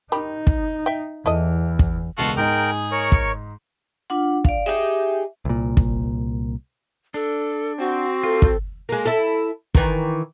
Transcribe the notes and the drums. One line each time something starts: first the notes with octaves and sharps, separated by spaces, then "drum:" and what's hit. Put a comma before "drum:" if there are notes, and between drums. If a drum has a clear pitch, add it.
D#3 D#4 G4 B5
drum: kick
E5 G5
E2 E4 A4 D#5
drum: kick
E1 C#2 F4 F#4 A4 F5
G#2 D#4 G#4 A#4 G5
A#4 C#5 C#6
drum: kick
D4 F4 F#5
D5 F5, drum: kick
D#4 G4 G#4 E5
C2 A#2
drum: kick
D4 A4
C4 F#4 F#5
F4 A4
drum: kick
G#3 A#3
E4 A4
D#3 E3, drum: kick